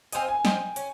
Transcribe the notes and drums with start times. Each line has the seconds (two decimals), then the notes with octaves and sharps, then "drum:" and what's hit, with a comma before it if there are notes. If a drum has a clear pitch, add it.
0.12 C4 F4 C5 D#5 G#5, drum: hi-hat
0.28 G#5
0.45 C4 F4 C5 D#5 G5, drum: snare
0.76 C#4, drum: hi-hat